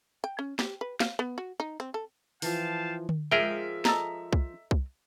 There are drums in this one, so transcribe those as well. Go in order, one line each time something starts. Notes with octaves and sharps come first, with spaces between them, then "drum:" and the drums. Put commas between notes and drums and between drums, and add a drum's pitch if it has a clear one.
G5
C#4
G4, drum: snare
B4
F5, drum: snare
B3
F#4
D#4
C4
A4
E3 F3 F5 G5 A5, drum: open hi-hat
drum: tom D3
F3 G#3 G#4 A#4 E5 G5
A4 D#5 A#5, drum: snare
drum: kick C2
drum: kick C2